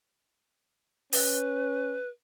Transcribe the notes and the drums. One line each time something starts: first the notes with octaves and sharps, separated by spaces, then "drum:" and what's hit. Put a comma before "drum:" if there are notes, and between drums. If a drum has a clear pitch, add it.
C#4 B4, drum: open hi-hat